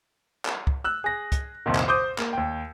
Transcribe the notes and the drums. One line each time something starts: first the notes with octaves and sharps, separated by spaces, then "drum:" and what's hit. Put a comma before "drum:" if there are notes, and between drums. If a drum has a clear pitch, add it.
drum: clap
drum: kick C#2
E6 F#6
G#4 A#6
drum: kick C#2, hi-hat
C2 F2 A#2 D#3
drum: clap
C5 D6 D#6 G6
A#3, drum: clap
D#2 G5